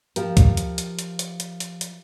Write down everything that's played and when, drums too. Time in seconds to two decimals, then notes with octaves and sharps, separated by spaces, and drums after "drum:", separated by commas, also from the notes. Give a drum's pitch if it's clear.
0.16 F3 G4 A#4, drum: hi-hat
0.37 drum: kick, hi-hat
0.57 drum: hi-hat
0.78 drum: hi-hat
0.99 drum: hi-hat
1.19 drum: hi-hat
1.40 drum: hi-hat
1.60 drum: hi-hat
1.81 drum: hi-hat